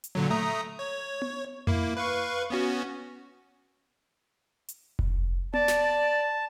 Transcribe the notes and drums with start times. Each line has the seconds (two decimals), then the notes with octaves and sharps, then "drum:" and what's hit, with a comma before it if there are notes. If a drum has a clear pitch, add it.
0.04 drum: hi-hat
0.15 A#2 D3 F#3
0.30 A3 A#5 D#6
0.79 C#5
1.22 drum: tom B3
1.67 A#3 E4, drum: tom F2
1.97 B4 F5 C#6
2.50 B3 C#4 F#4
4.68 drum: hi-hat
4.99 drum: kick F1
5.54 D5 A5, drum: tom B3
5.68 drum: snare